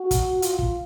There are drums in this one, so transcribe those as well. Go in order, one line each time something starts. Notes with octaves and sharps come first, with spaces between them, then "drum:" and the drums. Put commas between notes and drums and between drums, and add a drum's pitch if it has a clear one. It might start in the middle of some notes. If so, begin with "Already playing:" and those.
Already playing: F#4
drum: kick, hi-hat
F4, drum: hi-hat
drum: kick